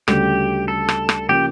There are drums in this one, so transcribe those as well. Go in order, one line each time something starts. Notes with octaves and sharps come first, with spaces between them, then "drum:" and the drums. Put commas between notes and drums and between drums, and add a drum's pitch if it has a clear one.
D2 C#3 G3 G4, drum: rim click
A4
drum: rim click
drum: rim click
C#3 F3 A#3 C#4 G4